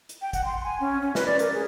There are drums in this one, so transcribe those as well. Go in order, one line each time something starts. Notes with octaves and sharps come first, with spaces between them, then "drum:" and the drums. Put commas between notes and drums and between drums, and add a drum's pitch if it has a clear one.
drum: hi-hat
G5
F#5, drum: kick, hi-hat
C6
G#5
C#4
C#4
B4, drum: snare
D5
A#4, drum: hi-hat
G#4